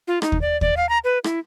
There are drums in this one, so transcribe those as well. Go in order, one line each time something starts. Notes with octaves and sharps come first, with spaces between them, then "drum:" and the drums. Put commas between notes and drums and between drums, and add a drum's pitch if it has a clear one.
F4
D#4, drum: rim click
drum: kick
D5
D5, drum: kick
F5
A#5
B4
E4, drum: rim click